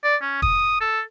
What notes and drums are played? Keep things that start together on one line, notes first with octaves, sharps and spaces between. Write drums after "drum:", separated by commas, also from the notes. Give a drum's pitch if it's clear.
D5
C#4
D#6, drum: kick
A4